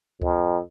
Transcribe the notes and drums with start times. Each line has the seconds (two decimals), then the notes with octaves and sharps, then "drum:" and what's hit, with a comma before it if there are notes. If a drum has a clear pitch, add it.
0.22 F2, drum: kick C#2